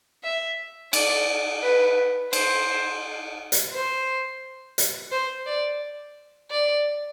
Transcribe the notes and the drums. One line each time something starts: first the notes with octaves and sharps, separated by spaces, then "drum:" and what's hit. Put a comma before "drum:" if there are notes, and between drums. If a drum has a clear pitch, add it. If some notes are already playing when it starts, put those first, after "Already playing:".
E5
D5, drum: cymbal
B4
C5, drum: cymbal
drum: hi-hat
C5
drum: hi-hat
C5
D5
D5